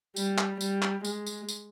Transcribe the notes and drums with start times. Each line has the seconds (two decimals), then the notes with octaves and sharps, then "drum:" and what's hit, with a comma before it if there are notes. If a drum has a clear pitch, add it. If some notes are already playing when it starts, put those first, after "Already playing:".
0.16 G3, drum: tambourine
0.38 drum: clap
0.61 G3, drum: tambourine
0.82 drum: clap
1.05 G#3, drum: tambourine
1.27 drum: tambourine
1.49 drum: tambourine